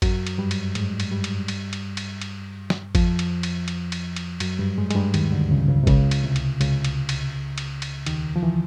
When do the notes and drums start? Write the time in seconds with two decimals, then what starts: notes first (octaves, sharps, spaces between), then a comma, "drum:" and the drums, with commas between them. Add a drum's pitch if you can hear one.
0.02 F#2 F#3, drum: kick G#1, cymbal
0.27 drum: cymbal
0.38 G2 G3
0.51 drum: cymbal
0.75 G#2 G#3, drum: cymbal
1.00 drum: cymbal
1.11 G2 G3
1.24 drum: cymbal
1.48 drum: cymbal
1.73 drum: cymbal
1.97 drum: cymbal
2.21 drum: cymbal
2.70 drum: snare
2.95 F2 F3, drum: kick G#1, cymbal
3.19 drum: cymbal
3.43 drum: cymbal
3.68 drum: cymbal
3.92 drum: cymbal
4.16 drum: cymbal
4.40 F#2 F#3, drum: cymbal
4.59 G2 G3
4.78 G#2 G#3
4.91 G#3, drum: cymbal
4.95 G2 G3
5.14 D#2 D#3, drum: cymbal
5.32 D2 D3
5.51 C#2 C#3
5.68 C#2 C#3
5.83 C3
5.87 C#2 C#3, drum: kick G#1, cymbal
6.11 drum: cymbal
6.23 C2 C3
6.36 drum: cymbal
6.61 C#2 C#3, drum: cymbal
6.84 drum: cymbal
7.09 drum: cymbal
7.58 drum: cymbal
7.82 drum: cymbal
8.06 D#2 D#3, drum: cymbal
8.36 F3
8.43 E3